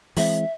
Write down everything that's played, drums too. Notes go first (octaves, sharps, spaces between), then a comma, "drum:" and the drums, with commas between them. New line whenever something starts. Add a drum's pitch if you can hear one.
E3 G#3 C4 E5, drum: open hi-hat